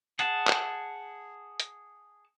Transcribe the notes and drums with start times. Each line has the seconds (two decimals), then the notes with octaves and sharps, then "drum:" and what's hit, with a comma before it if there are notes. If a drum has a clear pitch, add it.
0.19 G#4 F#5 A5, drum: hi-hat
0.48 drum: clap
1.60 drum: hi-hat